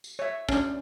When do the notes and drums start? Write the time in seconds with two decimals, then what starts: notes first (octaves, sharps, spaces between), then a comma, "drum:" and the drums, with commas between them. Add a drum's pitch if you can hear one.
0.04 drum: tambourine
0.19 C#5 E5
0.49 C#4 D4, drum: kick, tambourine